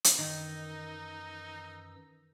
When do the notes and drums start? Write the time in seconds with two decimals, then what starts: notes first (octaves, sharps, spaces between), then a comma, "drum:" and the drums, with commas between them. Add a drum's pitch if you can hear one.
0.04 drum: hi-hat
0.18 F#2 D#3 E3 D#4 A#5 E6